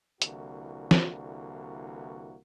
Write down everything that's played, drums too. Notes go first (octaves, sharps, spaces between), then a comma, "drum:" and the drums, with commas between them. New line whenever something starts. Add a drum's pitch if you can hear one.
C2 D3 E3 A#3 F#4, drum: hi-hat
drum: snare